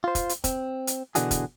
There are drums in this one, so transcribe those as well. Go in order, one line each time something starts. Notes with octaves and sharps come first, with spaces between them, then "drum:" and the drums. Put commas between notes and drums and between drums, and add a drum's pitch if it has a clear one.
F4 C5
drum: kick, hi-hat
drum: hi-hat
C4, drum: kick, hi-hat
drum: hi-hat
B2 D3 E3 D4 F#4 G#4, drum: hi-hat
drum: kick, hi-hat